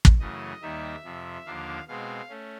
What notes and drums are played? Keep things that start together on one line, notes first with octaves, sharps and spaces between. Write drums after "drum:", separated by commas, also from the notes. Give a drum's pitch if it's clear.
drum: kick
F#2 C#3 E3 A3 D#5
D#2 D#3 G3 A#3 D#4 E5
F2 C3 F3
D#2 D3 F3 A#3 D4 F5
B2 G#3 C4 F5
A3 C#4